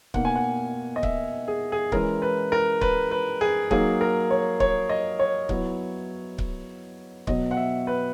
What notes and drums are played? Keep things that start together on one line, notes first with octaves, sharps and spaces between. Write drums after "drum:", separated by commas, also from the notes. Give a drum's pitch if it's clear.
B2 A#3 D#4 F#5, drum: kick C#1
G#5
F#5
D#5
E5, drum: kick C#1
G#4
G#4
E3 G#3 C#4 E4 A#4, drum: kick C#1
B4
A#4
B4, drum: kick C#1
B4
G#4
F#3 A#3 D#4 G#4, drum: kick C#1
A#4
C#5
C#5, drum: kick C#1
D#5
C#5
F#3 B3 E4, drum: kick C#1
drum: kick C#1
B2 F#3 B3 D#5, drum: kick C#1
F#5
E5
B4